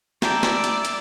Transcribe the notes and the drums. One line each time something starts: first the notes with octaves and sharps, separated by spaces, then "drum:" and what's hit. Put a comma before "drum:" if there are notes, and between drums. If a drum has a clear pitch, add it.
E4 A4 D5 G5 A#5, drum: snare
drum: snare
drum: hi-hat
drum: hi-hat